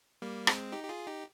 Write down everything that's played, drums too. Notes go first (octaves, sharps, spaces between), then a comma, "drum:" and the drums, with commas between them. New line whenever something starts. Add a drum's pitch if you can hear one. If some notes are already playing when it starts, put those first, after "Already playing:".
G3 A#3
G#3 C4, drum: rim click
D#4 G4
G4
F4 G#4
D#4 G4